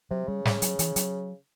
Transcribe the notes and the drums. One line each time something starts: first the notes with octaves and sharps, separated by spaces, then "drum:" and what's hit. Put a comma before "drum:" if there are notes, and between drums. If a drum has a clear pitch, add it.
C3 F#3
C#3 G3
G3, drum: snare
F#3, drum: hi-hat
E3, drum: hi-hat
F#3, drum: hi-hat